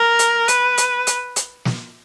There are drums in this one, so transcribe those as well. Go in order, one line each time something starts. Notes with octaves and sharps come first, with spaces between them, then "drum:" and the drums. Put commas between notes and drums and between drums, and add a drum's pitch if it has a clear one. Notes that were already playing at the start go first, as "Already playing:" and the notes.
Already playing: A#4
drum: hi-hat
B4, drum: hi-hat
drum: hi-hat
drum: hi-hat
drum: hi-hat
drum: snare